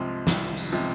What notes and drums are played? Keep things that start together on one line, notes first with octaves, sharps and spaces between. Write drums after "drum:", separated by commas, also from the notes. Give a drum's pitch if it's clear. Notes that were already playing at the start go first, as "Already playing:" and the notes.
Already playing: C2 C3 F3 G#3
C2, drum: snare
drum: tambourine
C3 F3 G#3